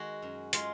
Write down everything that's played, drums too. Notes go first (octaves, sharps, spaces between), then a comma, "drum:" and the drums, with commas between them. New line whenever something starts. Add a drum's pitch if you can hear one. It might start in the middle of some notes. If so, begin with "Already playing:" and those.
Already playing: D#3 G#3 F#4
F#2
G#3 F4, drum: hi-hat